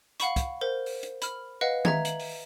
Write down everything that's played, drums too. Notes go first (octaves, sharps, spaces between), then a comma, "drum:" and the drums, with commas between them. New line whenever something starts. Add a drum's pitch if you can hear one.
F5 F#5 B5 C#6, drum: hi-hat
drum: kick, hi-hat
A#4 C5
drum: open hi-hat
drum: hi-hat
B5 F6, drum: hi-hat
B4 D#5 F5 F#5
E5 A#5 G#6, drum: tom D#3
F#7, drum: hi-hat
drum: open hi-hat